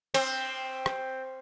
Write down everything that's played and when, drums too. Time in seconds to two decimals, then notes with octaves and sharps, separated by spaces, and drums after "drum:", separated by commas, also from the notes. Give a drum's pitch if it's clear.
0.14 C4, drum: cymbal
0.86 drum: rim click